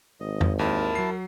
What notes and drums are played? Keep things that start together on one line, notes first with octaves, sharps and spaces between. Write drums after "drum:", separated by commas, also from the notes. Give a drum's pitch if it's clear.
G#1 D#5
drum: tom F2
D#2 E4 A#4 A5
F#3 C7